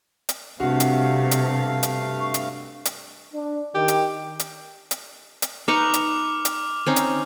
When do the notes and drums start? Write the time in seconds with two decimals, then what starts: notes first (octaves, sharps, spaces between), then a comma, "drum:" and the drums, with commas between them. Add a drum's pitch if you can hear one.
0.29 drum: hi-hat
0.60 G2 C3 A3 C4 D4 F#4 F5
0.80 drum: hi-hat
1.31 drum: hi-hat
1.83 drum: hi-hat
2.19 C#6
2.34 drum: hi-hat
2.85 drum: hi-hat
3.33 D4
3.75 D#3 G4
3.88 drum: hi-hat
4.39 drum: hi-hat
4.91 drum: hi-hat
5.42 drum: hi-hat
5.68 D#4 B4 C#6 D6 F6 F7
5.94 drum: hi-hat
6.45 drum: hi-hat
6.86 C4 C#4 D#4
6.96 drum: hi-hat